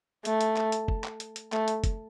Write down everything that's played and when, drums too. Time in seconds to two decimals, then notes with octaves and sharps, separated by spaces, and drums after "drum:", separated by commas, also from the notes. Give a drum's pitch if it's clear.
0.25 A3, drum: hi-hat
0.41 drum: hi-hat
0.56 drum: clap
0.72 drum: hi-hat
0.88 drum: kick F#1
1.04 drum: clap
1.20 drum: hi-hat
1.36 drum: hi-hat
1.52 A3, drum: clap
1.68 drum: hi-hat
1.84 drum: kick F#1, hi-hat